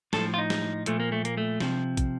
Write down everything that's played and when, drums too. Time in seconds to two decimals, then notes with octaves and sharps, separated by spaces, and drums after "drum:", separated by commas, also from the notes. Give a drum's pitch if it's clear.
0.13 A2 F3 A4, drum: snare
0.34 F4
0.38 D#4
0.50 drum: snare
0.86 A#2 F3 A3, drum: hi-hat
1.00 A#3
1.12 A3
1.25 A#3, drum: hi-hat
1.37 A3
1.60 C3 F3, drum: snare
1.97 drum: kick, hi-hat